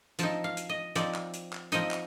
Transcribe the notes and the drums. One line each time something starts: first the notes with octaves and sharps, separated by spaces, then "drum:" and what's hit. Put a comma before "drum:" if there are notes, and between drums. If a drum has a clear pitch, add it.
F3 C4 D#4 A5, drum: hi-hat
F5
drum: hi-hat
D#5
F3 C4 D#4 D5, drum: hi-hat
drum: clap
drum: hi-hat
drum: clap
F3 C4 D#4 D#5, drum: hi-hat
drum: clap